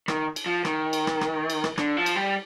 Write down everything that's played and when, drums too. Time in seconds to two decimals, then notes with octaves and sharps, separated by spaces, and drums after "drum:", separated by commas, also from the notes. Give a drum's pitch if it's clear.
0.08 D#3, drum: rim click
0.36 drum: cymbal
0.46 F3
0.65 D#3, drum: rim click
0.93 drum: cymbal
1.07 drum: rim click
1.21 drum: rim click
1.50 drum: cymbal
1.64 drum: rim click
1.78 D3, drum: rim click
1.97 F3
2.06 drum: cymbal
2.15 G3